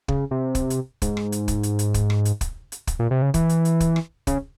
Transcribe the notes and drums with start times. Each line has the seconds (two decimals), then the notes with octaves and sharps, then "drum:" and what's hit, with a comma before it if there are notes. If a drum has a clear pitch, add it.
0.08 C#3, drum: kick
0.31 C3
0.55 drum: kick, hi-hat
0.70 drum: hi-hat
1.02 G#2, drum: kick, hi-hat
1.17 drum: rim click
1.32 drum: hi-hat
1.48 drum: kick, hi-hat
1.63 drum: hi-hat
1.79 drum: hi-hat
1.94 drum: kick, hi-hat
2.10 drum: rim click
2.25 drum: hi-hat
2.41 drum: kick, hi-hat
2.72 drum: hi-hat
2.87 drum: kick, hi-hat
2.99 A#2
3.11 C3
3.22 C#3
3.34 E3, drum: kick, hi-hat
3.49 drum: hi-hat
3.65 drum: hi-hat
3.80 drum: kick, hi-hat
3.96 drum: rim click
4.27 C#3, drum: kick, hi-hat